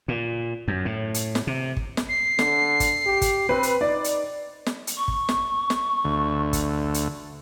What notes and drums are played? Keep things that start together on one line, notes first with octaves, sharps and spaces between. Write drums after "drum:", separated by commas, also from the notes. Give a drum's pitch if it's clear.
A#2
F#2
A2
drum: hi-hat
drum: snare
C3
drum: kick
drum: snare
C7
D3, drum: snare
drum: kick, hi-hat
G4
drum: kick, hi-hat
C4 B4
drum: hi-hat
D#4 D5
drum: hi-hat
drum: snare
drum: hi-hat
C#6
drum: kick
drum: snare
drum: snare
D2
drum: kick, hi-hat
drum: hi-hat